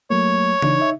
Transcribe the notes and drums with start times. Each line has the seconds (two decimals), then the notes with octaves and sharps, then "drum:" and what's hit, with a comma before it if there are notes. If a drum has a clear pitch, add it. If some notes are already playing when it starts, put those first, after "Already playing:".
0.10 F#3 A3 A#3 C#5
0.62 E3 D4 D#4, drum: tom C#3
0.80 D#4 E5